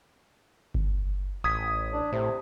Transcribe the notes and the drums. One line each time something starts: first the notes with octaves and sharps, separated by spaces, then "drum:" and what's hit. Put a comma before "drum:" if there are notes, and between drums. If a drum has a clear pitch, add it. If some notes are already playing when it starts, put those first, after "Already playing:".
drum: kick G1
A1 D#6 G#6 B6
D4
A2 C3